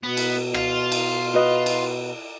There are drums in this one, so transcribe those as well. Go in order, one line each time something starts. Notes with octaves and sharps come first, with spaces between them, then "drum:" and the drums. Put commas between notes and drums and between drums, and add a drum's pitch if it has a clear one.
B2 B3
drum: cymbal
F4, drum: rim click
drum: cymbal
F#4 B4 D#5
drum: cymbal